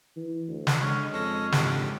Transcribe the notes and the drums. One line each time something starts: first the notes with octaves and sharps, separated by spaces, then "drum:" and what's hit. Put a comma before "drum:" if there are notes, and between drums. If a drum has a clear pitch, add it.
E3
D2
drum: snare
D3 G#3 C#4
F2 C#4 A4 A#6
G#2 D3 G4, drum: snare